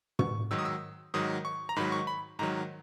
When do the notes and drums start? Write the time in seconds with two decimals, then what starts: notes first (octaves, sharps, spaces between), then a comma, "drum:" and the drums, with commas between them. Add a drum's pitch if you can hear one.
0.19 C#6, drum: tom
0.51 G#2 D#3 F#3 E6
0.59 D#6
0.65 E6
1.14 G#2 D#3 F#3 D#6
1.45 C#6
1.69 A#5
1.76 G#2 D#3 F#3 B5
1.92 C#6
2.07 B5
2.39 G#2 D#3 F#3 A#5